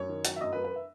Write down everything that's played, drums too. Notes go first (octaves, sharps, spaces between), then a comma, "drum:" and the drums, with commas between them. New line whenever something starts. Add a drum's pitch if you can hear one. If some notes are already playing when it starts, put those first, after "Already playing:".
Already playing: F#2 C#5
D#3
F#3, drum: hi-hat
E5
F#2 D#5
B4
F#2
B4
E5